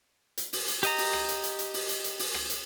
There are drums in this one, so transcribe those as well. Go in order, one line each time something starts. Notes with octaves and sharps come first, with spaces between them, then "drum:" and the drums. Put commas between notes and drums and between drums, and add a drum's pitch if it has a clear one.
drum: hi-hat
drum: open hi-hat
drum: hi-hat
G4 D#5 A#5, drum: hi-hat
drum: open hi-hat
drum: rim click
drum: hi-hat
drum: hi-hat
drum: hi-hat
drum: open hi-hat
drum: hi-hat
drum: hi-hat
drum: open hi-hat
drum: rim click
drum: hi-hat